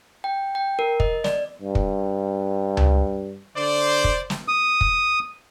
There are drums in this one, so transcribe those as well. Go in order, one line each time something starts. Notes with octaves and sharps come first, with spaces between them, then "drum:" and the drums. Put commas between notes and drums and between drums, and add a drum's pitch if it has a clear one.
G5
G5
A#4
D#5, drum: kick
D5, drum: snare
G2
drum: kick
drum: tom C#2
D3 C5 D5
drum: kick
drum: snare
D#6
drum: kick